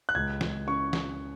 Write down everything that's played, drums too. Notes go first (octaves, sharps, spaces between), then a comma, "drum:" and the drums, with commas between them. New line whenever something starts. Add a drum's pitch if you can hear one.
F#6
C#2 G#6
C#2, drum: snare
C#3 C#6
drum: snare